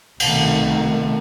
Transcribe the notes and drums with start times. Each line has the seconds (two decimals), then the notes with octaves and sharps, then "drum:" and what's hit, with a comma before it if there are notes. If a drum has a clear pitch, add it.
0.20 C2 B2 D#3 A3, drum: cymbal